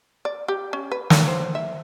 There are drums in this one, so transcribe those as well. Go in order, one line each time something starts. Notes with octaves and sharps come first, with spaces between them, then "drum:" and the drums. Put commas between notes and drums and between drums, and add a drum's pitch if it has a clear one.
D5
G4
C#4
B4
A#4, drum: snare
C5
E5